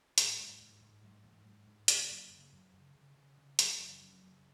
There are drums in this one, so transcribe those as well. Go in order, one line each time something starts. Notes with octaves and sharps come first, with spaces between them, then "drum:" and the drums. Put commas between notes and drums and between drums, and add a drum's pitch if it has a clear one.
G#2 F#3, drum: hi-hat
G#2
G#2
G#2
G#2 F#3
G#2 E3
G#2 F#3
G#2 G#3
C#3 A#3, drum: hi-hat
F#2
C#3
F#2
C#3
C#3
C#3
C#3
F#2 F#3, drum: hi-hat
D#3
C#3 E3
F#2 F#3
C#3 F#3